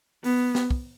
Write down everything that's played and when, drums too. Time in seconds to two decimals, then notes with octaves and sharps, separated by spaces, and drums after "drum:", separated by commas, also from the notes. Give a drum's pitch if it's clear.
0.24 B3, drum: open hi-hat
0.55 drum: snare
0.71 drum: kick